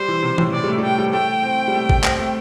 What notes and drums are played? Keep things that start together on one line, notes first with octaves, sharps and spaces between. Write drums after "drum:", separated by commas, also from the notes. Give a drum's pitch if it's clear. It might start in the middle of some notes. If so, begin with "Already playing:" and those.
Already playing: G3 C5
E3
C3
A2, drum: tom E3
C3 D5
G3
A3
G3
A3 G5
G3
A3 G5
C4
G3
A3
A3, drum: kick G#1
C4, drum: clap
A3